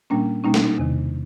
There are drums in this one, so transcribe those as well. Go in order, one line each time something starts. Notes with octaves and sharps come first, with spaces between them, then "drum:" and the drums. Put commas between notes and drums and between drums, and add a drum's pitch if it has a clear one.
A#2 G3 A#3 C#4 D4
B2 G3 A#3 C#4 D#4
D4, drum: snare
D#4
E2 C3 D#3